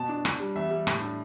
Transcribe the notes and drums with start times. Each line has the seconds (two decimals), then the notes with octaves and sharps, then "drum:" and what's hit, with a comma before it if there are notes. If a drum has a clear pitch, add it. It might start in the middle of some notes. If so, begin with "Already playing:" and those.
Already playing: B2 A5
0.09 D4
0.25 D4, drum: rim click
0.40 G3
0.55 E2 E5
0.71 G3
0.87 A2, drum: rim click
1.01 D4